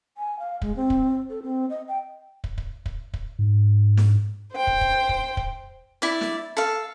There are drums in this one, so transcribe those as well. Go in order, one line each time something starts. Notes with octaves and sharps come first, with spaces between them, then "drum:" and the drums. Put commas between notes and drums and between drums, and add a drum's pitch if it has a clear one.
G#5
F5
G#3, drum: kick
C4
drum: kick
A4
C4
D#5
G5
drum: kick
drum: kick
drum: kick
drum: kick
G#2
drum: snare
C5 G5
drum: kick
drum: kick
drum: kick
drum: kick
E4 D5
drum: snare
A4 F5